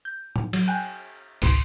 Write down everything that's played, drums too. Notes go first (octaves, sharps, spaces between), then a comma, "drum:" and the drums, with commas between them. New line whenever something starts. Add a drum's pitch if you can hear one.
G6
drum: tom A2
F#3, drum: cymbal
G5 G#5 F#6 G6
G#1 C#2 G#2 B2 C6 E7, drum: open hi-hat